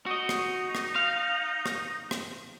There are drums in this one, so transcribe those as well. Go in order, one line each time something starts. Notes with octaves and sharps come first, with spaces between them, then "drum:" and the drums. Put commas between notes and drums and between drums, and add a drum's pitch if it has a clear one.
D#4 F#4 D#5
drum: rim click
drum: rim click
F5
drum: rim click
drum: rim click